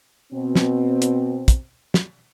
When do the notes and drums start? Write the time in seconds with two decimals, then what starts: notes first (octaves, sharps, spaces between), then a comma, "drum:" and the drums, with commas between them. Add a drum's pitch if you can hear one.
0.32 B2 C4
0.55 drum: snare
1.02 drum: hi-hat
1.48 drum: kick, hi-hat
1.94 drum: snare